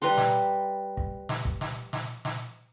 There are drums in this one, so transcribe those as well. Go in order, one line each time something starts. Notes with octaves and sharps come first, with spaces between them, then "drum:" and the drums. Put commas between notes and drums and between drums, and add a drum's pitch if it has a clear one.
G3 B4 A#5 C6
drum: snare
drum: kick
drum: snare
drum: kick
drum: snare
drum: snare
drum: snare